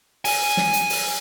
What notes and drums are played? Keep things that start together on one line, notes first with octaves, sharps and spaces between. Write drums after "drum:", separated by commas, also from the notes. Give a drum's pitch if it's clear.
G#5, drum: open hi-hat
drum: snare
drum: hi-hat
drum: open hi-hat